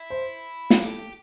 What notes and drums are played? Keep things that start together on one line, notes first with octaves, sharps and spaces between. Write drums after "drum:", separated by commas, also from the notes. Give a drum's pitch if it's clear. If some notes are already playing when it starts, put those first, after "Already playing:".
Already playing: E4
C5
drum: snare
G4 A4